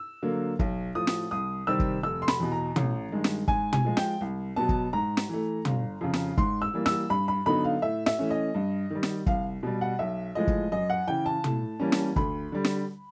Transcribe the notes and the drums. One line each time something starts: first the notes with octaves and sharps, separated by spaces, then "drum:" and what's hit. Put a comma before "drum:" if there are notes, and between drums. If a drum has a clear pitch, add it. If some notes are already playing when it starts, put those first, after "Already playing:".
Already playing: E6
D3 F#3 A#3
B1, drum: kick
A2 F3 D#6
drum: snare
C2 D#6
C3 D#3 G3 C4 E6
drum: kick
F1 E6
C6
B5, drum: snare
E2 B2
A#5
A1, drum: tom
G2 D#3 G#3
drum: snare
G#2 G#5, drum: kick
G#5, drum: tom
F3 G#3
G5, drum: snare
C2
B2 F#3 B3 A5
drum: kick
G#2 A#5
drum: snare
E3 A3
G1, drum: tom
F2 C#3
drum: snare
G#2 C6, drum: kick
E6
E3 G3 A#3
E6, drum: snare
G2 B5
B5
D3 F#3 B3 D#4 B5
F5
A2 E5
E5, drum: snare
E3 A3 C#4
D#5
G2
D#3 G3
drum: snare
C2 F5, drum: kick
B2 G3
F#5
B1 E5
A2 F3 G#3 D#5
drum: kick
F#2 D#5
F#5
C#3 E3 G5
A5
A2, drum: tom
E3 G3 A#3 C#4
drum: snare
D2 B5, drum: kick
D3 G3
drum: snare